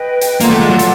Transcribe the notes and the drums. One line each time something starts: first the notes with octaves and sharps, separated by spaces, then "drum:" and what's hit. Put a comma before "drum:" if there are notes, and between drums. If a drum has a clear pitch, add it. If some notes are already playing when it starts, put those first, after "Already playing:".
Already playing: B4 D#5 G5
drum: hi-hat
A#3 F4 A4 D5 F#5, drum: hi-hat
A3
G#3
F#3
drum: hi-hat